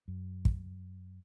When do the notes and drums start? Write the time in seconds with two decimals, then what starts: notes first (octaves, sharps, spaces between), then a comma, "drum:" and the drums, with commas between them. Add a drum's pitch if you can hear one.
0.08 F#2
0.45 drum: kick